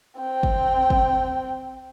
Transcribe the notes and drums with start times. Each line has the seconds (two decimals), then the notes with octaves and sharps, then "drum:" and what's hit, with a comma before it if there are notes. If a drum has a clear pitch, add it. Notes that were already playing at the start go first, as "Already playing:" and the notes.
0.20 C4 G5
0.43 drum: kick
0.90 drum: kick